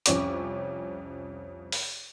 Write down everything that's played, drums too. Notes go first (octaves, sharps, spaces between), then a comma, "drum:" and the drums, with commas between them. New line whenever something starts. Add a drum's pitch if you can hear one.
C2 F2 C#4 C#6 D6, drum: hi-hat
drum: open hi-hat